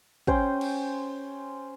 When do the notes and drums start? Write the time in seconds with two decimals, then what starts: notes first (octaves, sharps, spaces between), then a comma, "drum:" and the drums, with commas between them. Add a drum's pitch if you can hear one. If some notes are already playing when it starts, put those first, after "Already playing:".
0.27 C#4 C5 G5, drum: kick
0.61 drum: cymbal